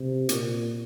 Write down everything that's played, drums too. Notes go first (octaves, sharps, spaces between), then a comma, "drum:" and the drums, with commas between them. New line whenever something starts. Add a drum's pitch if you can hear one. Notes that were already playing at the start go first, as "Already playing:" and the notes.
Already playing: C3
A#2, drum: hi-hat